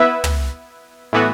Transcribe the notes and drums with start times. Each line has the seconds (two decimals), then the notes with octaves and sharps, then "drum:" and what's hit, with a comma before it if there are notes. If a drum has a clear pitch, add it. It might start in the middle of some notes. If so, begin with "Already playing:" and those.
Already playing: B3 E4 B4 E5
0.24 drum: tom
1.13 A2 E3 B3 F#4